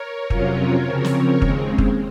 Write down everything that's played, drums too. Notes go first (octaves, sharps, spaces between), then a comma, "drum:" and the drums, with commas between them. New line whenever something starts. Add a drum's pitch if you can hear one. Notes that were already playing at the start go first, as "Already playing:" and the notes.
Already playing: A#4 C#5
F2 C3 F#3 C#4 F4, drum: kick
C#3 F3 C4
drum: snare
D#2 C#3 G#3 C4, drum: kick
drum: kick